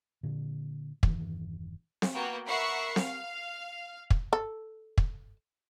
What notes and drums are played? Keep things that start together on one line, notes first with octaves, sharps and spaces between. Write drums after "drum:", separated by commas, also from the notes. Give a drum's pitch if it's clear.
A#2 D3
E1 G2 D#3 E3, drum: kick
drum: snare C4
A#3 B3 F#4 G5
A#4 E5 F#5 B5 C#6 C7
F5, drum: snare C4
drum: kick
A4
drum: kick